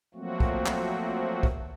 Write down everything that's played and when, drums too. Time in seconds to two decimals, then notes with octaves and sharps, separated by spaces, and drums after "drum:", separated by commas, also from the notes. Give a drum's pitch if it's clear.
0.15 F3 F#3 A3 A#3 C4 F#4
0.40 drum: kick
0.66 drum: clap
1.43 drum: kick